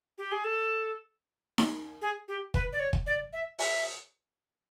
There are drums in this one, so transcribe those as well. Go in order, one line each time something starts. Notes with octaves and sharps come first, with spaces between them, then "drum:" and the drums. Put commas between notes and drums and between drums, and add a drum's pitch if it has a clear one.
G4
G#4
A4
drum: snare D#4
G#4
G4
B4, drum: kick
D5
C#5
drum: kick
D5
E5
E5, drum: open hi-hat